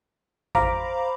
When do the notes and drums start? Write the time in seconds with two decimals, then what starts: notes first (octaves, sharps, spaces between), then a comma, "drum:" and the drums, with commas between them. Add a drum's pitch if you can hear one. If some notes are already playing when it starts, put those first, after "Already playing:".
0.55 C5 F5 A#5 B5 D6, drum: kick